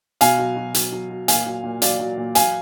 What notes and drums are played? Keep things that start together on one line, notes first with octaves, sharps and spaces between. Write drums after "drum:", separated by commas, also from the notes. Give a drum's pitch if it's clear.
B2 F5 G#5, drum: hi-hat
F#3
F#3
F#3, drum: hi-hat
F#3
F#3
A#2 F5 G#5, drum: hi-hat
F#3
A#2
F#3 D5 F5, drum: hi-hat
F#3
A#2
F#3 F5 G#5, drum: hi-hat